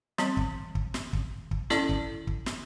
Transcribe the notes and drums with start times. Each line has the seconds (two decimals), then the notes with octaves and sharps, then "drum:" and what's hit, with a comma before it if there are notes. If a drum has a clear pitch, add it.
0.18 E3 G3 C4, drum: snare
0.37 drum: kick
0.75 drum: kick
0.94 drum: snare
1.13 drum: kick
1.51 drum: kick
1.70 C#4 E4 A4 D5, drum: snare
1.89 drum: kick
2.27 drum: kick
2.46 drum: snare